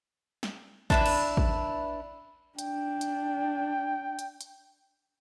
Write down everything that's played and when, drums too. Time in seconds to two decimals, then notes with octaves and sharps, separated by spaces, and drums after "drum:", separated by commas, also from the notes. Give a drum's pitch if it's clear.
0.43 drum: snare
0.90 D4 E4 B4, drum: kick A1
1.06 drum: cymbal
1.37 drum: kick A1
2.59 D4 G5, drum: hi-hat
3.01 drum: hi-hat
4.19 drum: hi-hat
4.41 drum: hi-hat